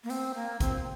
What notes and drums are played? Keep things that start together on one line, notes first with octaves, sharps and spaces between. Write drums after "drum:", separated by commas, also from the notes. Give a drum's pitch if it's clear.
A#3
C4, drum: open hi-hat
A#3
C4, drum: kick, hi-hat